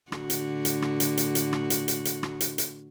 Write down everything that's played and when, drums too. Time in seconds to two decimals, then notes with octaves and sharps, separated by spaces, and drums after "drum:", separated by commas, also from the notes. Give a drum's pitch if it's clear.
0.12 A2 D3 F#4, drum: rim click
0.30 drum: hi-hat
0.65 drum: hi-hat
0.82 drum: rim click
1.00 drum: hi-hat
1.17 drum: hi-hat
1.35 drum: hi-hat
1.53 drum: rim click
1.70 drum: hi-hat
1.88 drum: hi-hat
2.05 drum: hi-hat
2.23 drum: rim click
2.40 drum: hi-hat
2.58 drum: hi-hat